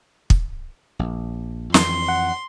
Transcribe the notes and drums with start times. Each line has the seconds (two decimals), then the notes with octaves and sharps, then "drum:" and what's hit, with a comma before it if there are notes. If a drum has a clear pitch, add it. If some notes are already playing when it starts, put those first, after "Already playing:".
0.30 drum: kick
0.99 A#1
1.74 F2 E3 C6, drum: snare
2.08 F#5